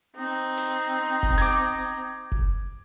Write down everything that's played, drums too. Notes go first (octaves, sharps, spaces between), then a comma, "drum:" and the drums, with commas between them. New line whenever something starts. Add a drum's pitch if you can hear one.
C4 D#4
drum: hi-hat
drum: kick F1
D6 G#6, drum: hi-hat
drum: kick F1